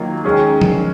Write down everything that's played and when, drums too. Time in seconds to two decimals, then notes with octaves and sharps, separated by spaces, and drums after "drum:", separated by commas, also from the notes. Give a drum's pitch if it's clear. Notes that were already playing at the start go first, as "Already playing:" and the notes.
Already playing: D#3 F#3 A#3 F4
0.24 D#3 G#3 C#4 G#4
0.61 drum: tom F3